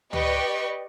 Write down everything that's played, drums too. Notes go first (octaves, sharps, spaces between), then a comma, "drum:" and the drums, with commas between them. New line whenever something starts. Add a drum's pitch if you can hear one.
G4 B4 D5 D#5 C#6, drum: tom C#2